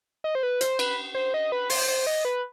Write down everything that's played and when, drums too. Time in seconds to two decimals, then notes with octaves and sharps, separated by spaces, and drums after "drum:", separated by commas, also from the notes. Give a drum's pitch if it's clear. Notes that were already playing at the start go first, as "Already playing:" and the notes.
0.24 D#5
0.35 C5
0.43 B4
0.61 C5, drum: hi-hat
0.79 B4, drum: cymbal
1.15 C5
1.34 D#5
1.52 B4
1.70 C5, drum: open hi-hat
1.88 C5
2.07 D#5
2.25 B4